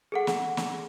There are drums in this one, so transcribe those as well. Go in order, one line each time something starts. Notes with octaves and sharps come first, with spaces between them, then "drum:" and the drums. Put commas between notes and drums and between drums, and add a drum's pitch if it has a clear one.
G#4 A4 F#5
drum: snare
drum: snare